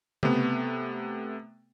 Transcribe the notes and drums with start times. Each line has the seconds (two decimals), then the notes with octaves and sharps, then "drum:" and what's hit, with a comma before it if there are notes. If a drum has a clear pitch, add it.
0.23 C3 A3 B3, drum: tom C#3